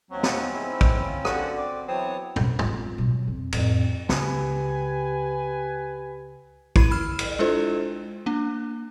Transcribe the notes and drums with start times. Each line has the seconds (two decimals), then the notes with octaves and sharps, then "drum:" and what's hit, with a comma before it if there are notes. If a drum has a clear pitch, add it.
0.11 D#2 F#3 C4 C#4
0.23 drum: snare
0.54 G#2 D#4 E4
0.81 drum: kick
1.05 F4
1.25 D3 F#4, drum: rim click
1.57 C4 D5
1.88 E3 F#3 B3 C4 C#5 A5 D#6
2.36 F#2 B2, drum: tom
2.59 G#1 F4, drum: tom
2.98 B2 F#3
3.27 F2
3.52 F2 A2, drum: cymbal
4.09 C#2 G4 B4 G#5, drum: snare
6.76 E4 B5 D#7, drum: kick
6.91 B5 E6 F6 E7
7.19 drum: cymbal
7.39 G#3 D4 E4 F4 A4 C5
8.26 A#3 D4